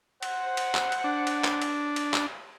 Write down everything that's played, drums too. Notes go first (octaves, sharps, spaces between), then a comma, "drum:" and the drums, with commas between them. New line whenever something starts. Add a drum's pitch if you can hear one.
C5 F#5, drum: cymbal
drum: cymbal
drum: clap
drum: cymbal
D4
drum: cymbal
drum: clap
drum: cymbal
drum: cymbal
drum: clap